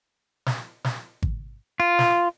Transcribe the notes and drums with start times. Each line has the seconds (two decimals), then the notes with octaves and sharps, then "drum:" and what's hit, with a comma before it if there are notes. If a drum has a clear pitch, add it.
0.46 drum: snare
0.84 drum: snare
1.23 drum: kick G#1
1.80 F4
1.99 drum: snare